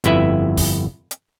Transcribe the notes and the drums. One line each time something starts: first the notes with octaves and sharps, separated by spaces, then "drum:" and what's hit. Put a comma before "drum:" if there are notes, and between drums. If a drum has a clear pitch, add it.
G1 F2 E4 B4 E5, drum: hi-hat
drum: kick, open hi-hat
drum: hi-hat